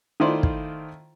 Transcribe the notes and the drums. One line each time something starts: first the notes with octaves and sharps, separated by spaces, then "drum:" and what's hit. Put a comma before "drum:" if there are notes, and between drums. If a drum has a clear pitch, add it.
D#3 A3 E4 F4 C5 D5
drum: kick